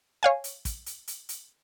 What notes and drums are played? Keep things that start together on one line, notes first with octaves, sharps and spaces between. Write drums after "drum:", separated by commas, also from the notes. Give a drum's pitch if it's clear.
C#5 F5 G#5
drum: hi-hat
drum: kick, hi-hat
drum: hi-hat
drum: hi-hat
drum: hi-hat